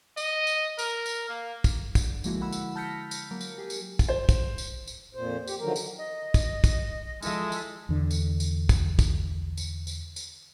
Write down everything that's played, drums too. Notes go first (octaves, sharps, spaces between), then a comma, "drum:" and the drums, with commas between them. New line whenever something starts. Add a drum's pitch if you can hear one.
D#5, drum: tambourine
drum: tambourine
A#4, drum: tambourine
drum: tambourine
A#3
drum: kick, tambourine
D3, drum: kick, tambourine
D3 F3 G#3 A#3 E4 F#4, drum: tambourine
F#5 B5 E6
drum: tambourine
A5 F6 G6 A#6 B6 C#7
drum: tambourine
F#3 A#3 A#4
drum: tambourine
G4 G#4
drum: tambourine
drum: kick, tambourine
C5
drum: kick, tambourine
drum: tambourine
drum: tambourine
F2 A#2 C5
G4, drum: tambourine
D3 D#3 F3 F#3 A#4
drum: tambourine
D#5
drum: kick, tambourine
drum: kick, tambourine
F3 G#3 E4 A4 E5, drum: tambourine
drum: tambourine
E2 D3
drum: tambourine
drum: tambourine
drum: kick, tambourine
drum: kick, tambourine
drum: tambourine
drum: tambourine
drum: tambourine